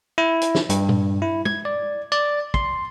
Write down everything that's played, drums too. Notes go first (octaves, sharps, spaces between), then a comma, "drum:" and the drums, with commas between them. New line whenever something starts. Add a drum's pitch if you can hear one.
E4
drum: hi-hat
drum: snare
G2, drum: hi-hat
drum: tom A#2
E4
G#6, drum: tom
D5
D5
C6, drum: kick